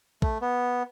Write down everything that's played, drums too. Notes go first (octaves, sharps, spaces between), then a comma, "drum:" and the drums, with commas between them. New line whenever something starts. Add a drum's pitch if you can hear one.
A3, drum: kick
B3